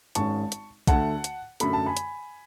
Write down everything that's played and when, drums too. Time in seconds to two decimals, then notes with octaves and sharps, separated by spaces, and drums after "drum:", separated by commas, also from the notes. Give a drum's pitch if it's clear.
0.15 G#1 G#2 G#3 C#4 A5 C#6, drum: hi-hat
0.52 drum: hi-hat
0.87 D2 D3 A3 F#5 A5, drum: kick, hi-hat
1.24 drum: hi-hat
1.60 F#2 D3 A3 B5, drum: hi-hat
1.73 A5
1.86 G#5 B5
1.97 drum: hi-hat